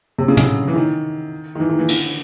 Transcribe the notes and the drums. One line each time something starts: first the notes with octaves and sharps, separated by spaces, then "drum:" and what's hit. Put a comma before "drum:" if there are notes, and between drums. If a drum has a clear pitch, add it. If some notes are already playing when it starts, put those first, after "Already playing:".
C3
C#3
D3, drum: tom
E3
D#3
D#3
E3
D#3
E3
D3, drum: cymbal